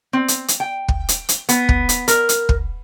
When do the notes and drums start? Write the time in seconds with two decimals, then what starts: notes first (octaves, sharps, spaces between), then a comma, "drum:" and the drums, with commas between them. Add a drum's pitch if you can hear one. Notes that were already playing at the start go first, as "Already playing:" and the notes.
0.13 C4
0.28 drum: hi-hat
0.48 drum: hi-hat
0.60 G5
0.88 drum: kick
1.09 drum: hi-hat
1.29 drum: hi-hat
1.49 B3, drum: hi-hat
1.69 drum: kick
1.89 drum: hi-hat
2.08 A#4, drum: hi-hat
2.29 drum: hi-hat
2.49 drum: kick